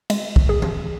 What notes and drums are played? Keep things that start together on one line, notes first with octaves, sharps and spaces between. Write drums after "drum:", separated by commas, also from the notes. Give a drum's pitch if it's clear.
G#3, drum: cymbal
drum: kick
G#4
drum: tom E3